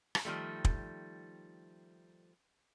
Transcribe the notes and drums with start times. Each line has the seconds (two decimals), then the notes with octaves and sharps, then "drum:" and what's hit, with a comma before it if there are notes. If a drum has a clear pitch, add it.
0.15 drum: rim click
0.25 D#3 F3 G3 A3
0.65 drum: kick